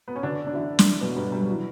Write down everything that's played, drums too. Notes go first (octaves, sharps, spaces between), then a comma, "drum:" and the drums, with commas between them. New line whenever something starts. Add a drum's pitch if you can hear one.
B3
C#4
D3 D4
D4
E3 E4
drum: snare
B2 B3
G2 G3
G3
F#3
E3